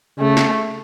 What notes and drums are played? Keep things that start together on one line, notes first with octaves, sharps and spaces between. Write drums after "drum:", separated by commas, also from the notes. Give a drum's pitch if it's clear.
C#3 A3
drum: snare